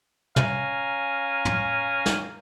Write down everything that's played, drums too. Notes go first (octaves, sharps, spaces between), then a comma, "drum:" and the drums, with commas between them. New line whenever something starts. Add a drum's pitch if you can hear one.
C#4 F5 G#5 A#5, drum: tom
drum: tom
drum: snare